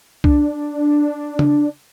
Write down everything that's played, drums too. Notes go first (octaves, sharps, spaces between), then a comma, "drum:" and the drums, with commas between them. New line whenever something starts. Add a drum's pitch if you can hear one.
D4, drum: kick C2
drum: tom